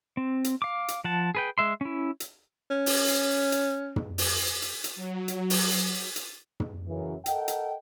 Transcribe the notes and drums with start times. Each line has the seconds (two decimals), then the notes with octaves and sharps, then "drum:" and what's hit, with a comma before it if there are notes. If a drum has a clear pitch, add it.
0.17 C4
0.44 drum: hi-hat
0.62 F5 D6
0.88 drum: hi-hat
1.04 F3 F#5 A5
1.35 G#4 B4 G5
1.58 G#3 E5 C6
1.81 C#4 E4
2.20 drum: hi-hat
2.71 C#4
2.86 drum: open hi-hat
3.08 drum: hi-hat
3.52 drum: hi-hat
3.96 drum: tom
4.18 drum: open hi-hat
4.62 drum: hi-hat
4.84 drum: hi-hat
4.96 F#3
5.28 drum: hi-hat
5.50 drum: open hi-hat
5.72 drum: hi-hat
6.16 drum: hi-hat
6.60 drum: tom
6.88 F#2 C#3 E3
7.26 A4 A#4 D#5 F#5 G5, drum: hi-hat
7.48 drum: hi-hat